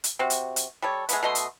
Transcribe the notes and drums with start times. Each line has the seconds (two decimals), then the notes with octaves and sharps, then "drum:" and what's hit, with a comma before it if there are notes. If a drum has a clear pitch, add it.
0.04 drum: hi-hat
0.19 C3 C4 F#4
0.30 drum: hi-hat
0.56 drum: hi-hat
0.82 G3 A4 C#5
1.09 G#3 A3 B3, drum: hi-hat
1.23 B2 A3 D#5 C6
1.35 drum: hi-hat